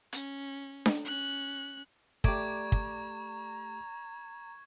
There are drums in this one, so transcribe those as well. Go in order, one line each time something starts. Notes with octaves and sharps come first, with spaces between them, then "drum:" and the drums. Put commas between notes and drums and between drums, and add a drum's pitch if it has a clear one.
C#4, drum: hi-hat
drum: snare D4
C#4 F#6
A3 G4 D5 A#5 C#6 G#6 E7, drum: kick
drum: kick